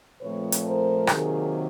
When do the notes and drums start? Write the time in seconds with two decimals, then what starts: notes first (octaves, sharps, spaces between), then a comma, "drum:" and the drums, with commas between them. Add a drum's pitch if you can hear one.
0.21 A#2 F3 A3 C4 B4 C#5
0.52 drum: hi-hat
0.65 A#4 C5
1.07 C3 D#3 F#3 A#3 G#4 A#4, drum: rim click